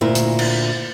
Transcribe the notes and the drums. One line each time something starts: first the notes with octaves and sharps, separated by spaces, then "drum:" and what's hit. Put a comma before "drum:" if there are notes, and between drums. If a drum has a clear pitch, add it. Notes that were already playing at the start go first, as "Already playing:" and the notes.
D2 A#2 E4
drum: hi-hat
drum: cymbal